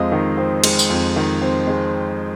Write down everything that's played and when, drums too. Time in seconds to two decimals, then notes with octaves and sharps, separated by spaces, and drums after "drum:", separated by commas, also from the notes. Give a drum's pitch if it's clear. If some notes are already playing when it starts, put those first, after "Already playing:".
Already playing: F2 G#3 C4 D#5 F5
0.12 D#3
0.38 C4
0.64 G#3, drum: cymbal
0.79 drum: tambourine
0.90 F2
1.16 D#3
1.42 C4
1.67 G#3